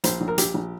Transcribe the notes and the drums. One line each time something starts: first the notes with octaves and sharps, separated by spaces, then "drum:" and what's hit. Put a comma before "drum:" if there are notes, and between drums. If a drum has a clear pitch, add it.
A#1 C5, drum: hi-hat
A#1
A#4
A#1 G4, drum: hi-hat
A#1